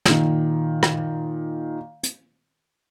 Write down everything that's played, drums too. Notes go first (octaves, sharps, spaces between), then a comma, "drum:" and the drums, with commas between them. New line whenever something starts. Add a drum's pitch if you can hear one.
A#2 D#3, drum: snare
drum: rim click
drum: hi-hat